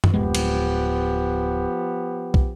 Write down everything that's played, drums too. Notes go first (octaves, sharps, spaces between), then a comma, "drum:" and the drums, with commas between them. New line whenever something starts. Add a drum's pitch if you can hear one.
drum: tom F#2
D1 F3 G#3 B3 G4
drum: cymbal
drum: kick